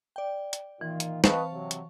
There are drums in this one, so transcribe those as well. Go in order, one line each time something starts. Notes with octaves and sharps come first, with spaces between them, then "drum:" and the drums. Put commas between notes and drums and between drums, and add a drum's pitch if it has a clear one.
D5 G5
drum: hi-hat
A#2 D#3 E3 F4
drum: hi-hat
C4 B4 D#5 F5 A5 C#6, drum: snare
C3 F#3
drum: hi-hat